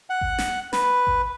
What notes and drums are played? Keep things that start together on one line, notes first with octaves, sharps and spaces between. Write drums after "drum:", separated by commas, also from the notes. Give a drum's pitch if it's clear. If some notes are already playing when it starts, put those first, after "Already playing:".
F#5
drum: kick G#1
drum: snare
B4, drum: snare
drum: kick G#1